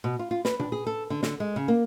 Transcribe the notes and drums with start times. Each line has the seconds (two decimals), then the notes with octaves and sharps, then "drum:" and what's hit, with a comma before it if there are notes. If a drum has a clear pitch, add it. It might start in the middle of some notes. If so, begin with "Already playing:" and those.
0.04 B2
0.19 F4
0.31 F4
0.45 B4, drum: snare
0.60 D4, drum: tom A#2
0.72 G#4
0.87 A4
1.10 D3
1.23 D3, drum: snare
1.40 G#3
1.56 C#3
1.68 A#3